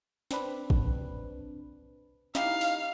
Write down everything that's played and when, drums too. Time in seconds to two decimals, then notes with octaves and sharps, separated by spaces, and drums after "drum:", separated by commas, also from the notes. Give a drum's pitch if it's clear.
0.31 C4 D4 B4, drum: snare
0.70 drum: kick
2.35 D#4 E4 G4 F5, drum: snare
2.61 drum: open hi-hat